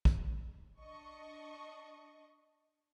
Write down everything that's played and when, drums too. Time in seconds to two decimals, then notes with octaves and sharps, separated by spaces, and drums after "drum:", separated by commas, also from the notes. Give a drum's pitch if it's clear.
0.05 drum: kick
0.80 D4 D#5 C#6